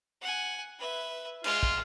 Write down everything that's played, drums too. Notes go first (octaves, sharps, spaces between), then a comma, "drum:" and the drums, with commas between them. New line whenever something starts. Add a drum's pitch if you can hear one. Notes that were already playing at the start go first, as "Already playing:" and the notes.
F#5 G#5
B4 E5
G#3 F4, drum: cymbal
drum: kick